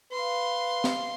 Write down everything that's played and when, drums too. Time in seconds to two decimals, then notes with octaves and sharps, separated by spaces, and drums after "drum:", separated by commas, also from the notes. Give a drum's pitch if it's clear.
0.12 B4 F5 C6
0.84 drum: snare